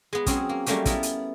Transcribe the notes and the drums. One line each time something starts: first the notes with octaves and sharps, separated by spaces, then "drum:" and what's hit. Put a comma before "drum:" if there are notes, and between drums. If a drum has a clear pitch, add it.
G#3 B3
F#3 C4 C#4 G#4, drum: kick, hi-hat
A#3
F#3 G3 A3 A#3 C#4 G4, drum: hi-hat
B3 E4 A4 A#4, drum: kick, hi-hat
drum: hi-hat